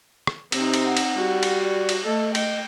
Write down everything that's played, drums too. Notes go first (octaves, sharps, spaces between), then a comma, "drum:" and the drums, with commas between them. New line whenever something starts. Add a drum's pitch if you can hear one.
drum: rim click
C3 C4 D#4, drum: cymbal
drum: cymbal
F#5
drum: cymbal
G3 F#4
drum: cymbal
D5
drum: cymbal
A3 A4 D#5
D#5 G5, drum: cymbal